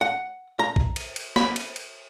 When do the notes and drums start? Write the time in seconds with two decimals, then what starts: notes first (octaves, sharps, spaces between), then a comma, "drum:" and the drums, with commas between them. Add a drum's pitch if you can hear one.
0.01 F#5
0.59 A#5
0.76 drum: kick
0.96 drum: cymbal
1.16 drum: cymbal
1.36 B5, drum: snare
1.56 drum: cymbal
1.76 drum: cymbal